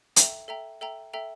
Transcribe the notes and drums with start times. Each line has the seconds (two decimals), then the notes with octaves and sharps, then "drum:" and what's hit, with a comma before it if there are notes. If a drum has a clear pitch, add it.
0.16 A4 E5 G5 A#5, drum: hi-hat
0.48 A4 E5 G5 A#5
0.81 A4 E5 G5 A#5
1.13 A4 E5 G5 A#5